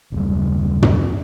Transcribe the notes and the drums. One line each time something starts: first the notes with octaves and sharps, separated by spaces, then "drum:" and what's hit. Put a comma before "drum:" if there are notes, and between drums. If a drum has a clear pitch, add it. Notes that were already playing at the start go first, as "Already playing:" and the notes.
F#1 D#2 C#3 G3
drum: tom